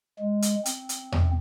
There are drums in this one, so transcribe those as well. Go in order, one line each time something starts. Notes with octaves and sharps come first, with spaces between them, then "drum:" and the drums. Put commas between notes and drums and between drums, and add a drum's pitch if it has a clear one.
G#3
drum: hi-hat
C4, drum: hi-hat
drum: hi-hat
drum: tom E2